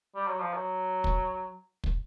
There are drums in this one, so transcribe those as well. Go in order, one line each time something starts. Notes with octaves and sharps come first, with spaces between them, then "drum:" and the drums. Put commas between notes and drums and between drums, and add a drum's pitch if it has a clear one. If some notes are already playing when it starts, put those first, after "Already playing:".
G3
F#3
F3
F#3
drum: kick
drum: kick